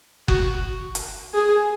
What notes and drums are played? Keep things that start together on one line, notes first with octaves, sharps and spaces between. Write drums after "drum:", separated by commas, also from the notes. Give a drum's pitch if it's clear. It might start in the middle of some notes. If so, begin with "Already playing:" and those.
F#4, drum: kick F#1
drum: hi-hat
G#4